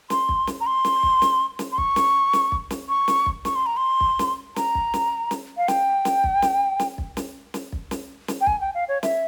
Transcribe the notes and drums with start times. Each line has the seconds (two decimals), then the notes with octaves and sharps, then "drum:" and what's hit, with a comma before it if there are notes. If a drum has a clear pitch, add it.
0.10 C6, drum: snare
0.29 drum: kick
0.47 drum: snare
0.61 A#5
0.67 C6
0.85 drum: snare
1.03 drum: kick
1.22 drum: snare
1.59 drum: snare
1.72 C6
1.78 C#6, drum: kick
1.96 drum: snare
2.33 drum: snare
2.52 drum: kick
2.70 drum: snare
2.89 C#6
3.08 drum: snare
3.26 drum: kick
3.45 C#6, drum: snare
3.55 C6
3.66 A#5
3.77 C6
4.01 drum: kick
4.19 drum: snare
4.56 A#5, drum: snare
4.75 drum: kick
4.94 drum: snare
5.31 drum: snare
5.57 F5
5.68 G5, drum: snare
6.05 drum: snare
6.24 drum: kick
6.42 drum: snare
6.80 drum: snare
6.98 drum: kick
7.17 drum: snare
7.54 drum: snare
7.72 drum: kick
7.91 drum: snare
8.28 drum: snare
8.41 G5
8.47 G#5, drum: kick
8.61 G5
8.75 F5
8.89 C#5
9.03 E5, drum: snare